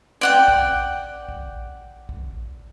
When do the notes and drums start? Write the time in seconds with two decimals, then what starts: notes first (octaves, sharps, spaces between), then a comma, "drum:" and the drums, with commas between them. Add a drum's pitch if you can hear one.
0.21 D5 F#5 G5
0.48 drum: kick
1.29 drum: kick
2.09 drum: kick